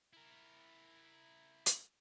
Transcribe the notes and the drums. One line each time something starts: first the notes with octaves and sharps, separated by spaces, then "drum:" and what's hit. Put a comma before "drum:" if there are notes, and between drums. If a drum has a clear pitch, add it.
E4 A#4
drum: hi-hat